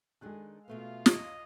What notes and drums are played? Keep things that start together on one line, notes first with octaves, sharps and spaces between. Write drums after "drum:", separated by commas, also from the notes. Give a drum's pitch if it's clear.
D#3 G#3 D4 G#4 A4 F#6
B2 A3 B3 F4 F5
D#5, drum: snare